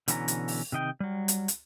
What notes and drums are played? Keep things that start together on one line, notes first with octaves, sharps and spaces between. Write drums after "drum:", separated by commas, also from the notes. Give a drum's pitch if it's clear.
B2 D3 E3 C#4 A5 A#5, drum: hi-hat
drum: hi-hat
drum: open hi-hat
C3 D#3 D#5 G5
F#3 G3
drum: hi-hat
drum: hi-hat